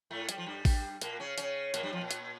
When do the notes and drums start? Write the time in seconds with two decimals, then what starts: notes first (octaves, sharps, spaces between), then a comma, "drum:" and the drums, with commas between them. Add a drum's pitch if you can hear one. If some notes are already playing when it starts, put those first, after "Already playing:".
0.11 A2 A3
0.29 G3, drum: hi-hat
0.38 F3
0.46 G2 G3
0.65 drum: kick A1, open hi-hat
1.01 A#2 A#3, drum: hi-hat
1.19 C#3 C#4
1.38 C#3 C#4, drum: hi-hat
1.74 A#2 A#3, drum: hi-hat
1.83 G2 G3
1.92 F2 F3
2.01 A#2
2.11 drum: hi-hat